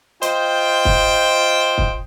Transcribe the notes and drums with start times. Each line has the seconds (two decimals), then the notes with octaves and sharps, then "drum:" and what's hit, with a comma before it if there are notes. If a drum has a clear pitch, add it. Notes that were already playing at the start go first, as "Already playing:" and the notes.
0.22 F4 C5 D#5 G5, drum: hi-hat
0.85 drum: kick
1.78 drum: kick